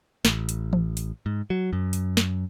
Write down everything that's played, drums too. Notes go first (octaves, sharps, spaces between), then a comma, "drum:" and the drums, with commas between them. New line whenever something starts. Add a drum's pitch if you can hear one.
A1, drum: snare
drum: hi-hat
drum: tom E3
drum: hi-hat
G#2
F#3
F#2
drum: hi-hat
drum: snare